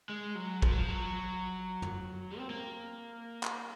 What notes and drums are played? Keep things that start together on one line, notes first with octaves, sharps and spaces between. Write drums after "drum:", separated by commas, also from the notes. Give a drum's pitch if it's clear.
G#3
F#3
F3, drum: kick
F#3
F3
F#3
drum: tom
C4
A#3
drum: clap